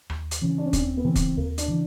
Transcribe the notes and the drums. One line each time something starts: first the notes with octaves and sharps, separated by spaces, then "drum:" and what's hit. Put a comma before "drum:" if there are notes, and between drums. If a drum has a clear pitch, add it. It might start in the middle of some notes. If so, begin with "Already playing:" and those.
D#2, drum: rim click
drum: hi-hat
C#3 E3 C#4
D4
C#4
D#2 C4, drum: kick, hi-hat
B3
C#3 E3 C4
drum: kick, hi-hat
D#2 A#3
D4, drum: hi-hat
C#3 E3